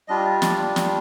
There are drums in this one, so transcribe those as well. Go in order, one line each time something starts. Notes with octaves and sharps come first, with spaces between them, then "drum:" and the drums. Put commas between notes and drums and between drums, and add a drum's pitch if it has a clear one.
G3 D4 F4 D#5
D5, drum: snare
drum: snare